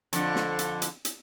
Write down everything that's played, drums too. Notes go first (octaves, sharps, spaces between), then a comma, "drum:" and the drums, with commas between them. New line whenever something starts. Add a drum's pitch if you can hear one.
F2 D3, drum: hi-hat
drum: snare
drum: hi-hat
drum: hi-hat
drum: hi-hat